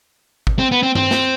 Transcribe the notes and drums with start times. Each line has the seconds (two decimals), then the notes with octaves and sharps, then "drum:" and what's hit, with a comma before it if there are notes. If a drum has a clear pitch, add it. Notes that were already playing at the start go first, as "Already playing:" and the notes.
0.47 drum: kick
0.59 C4
0.71 B3
0.83 C4
0.95 C4, drum: tom G2
1.11 drum: snare